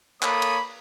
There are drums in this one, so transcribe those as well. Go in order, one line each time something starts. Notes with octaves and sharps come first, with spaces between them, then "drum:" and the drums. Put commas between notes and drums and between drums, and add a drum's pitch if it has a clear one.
A#3 A4 C#5 B5 D#6, drum: clap
drum: cymbal